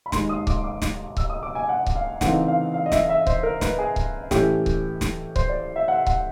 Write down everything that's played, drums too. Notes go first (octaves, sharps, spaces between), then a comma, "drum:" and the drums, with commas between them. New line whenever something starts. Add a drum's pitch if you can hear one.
B5
D#2 D#3 G#3 C6, drum: snare
D#6
D6, drum: kick C#1
D6
drum: snare
E6, drum: kick C#1
D#6
D6
G#5
F#5
drum: kick C#1
F5
C#3 E3 A3 C4 D#4 F#5, drum: snare
F5
F5
D#5
E5, drum: snare
E5
C5, drum: kick C#1
A#4
B4, drum: snare
G#4
drum: kick C#1
A2 E3 A3 C#4 G4, drum: snare
drum: kick C#1
drum: snare
C5, drum: kick C#1
D5
E5
F#5
F#5, drum: kick C#1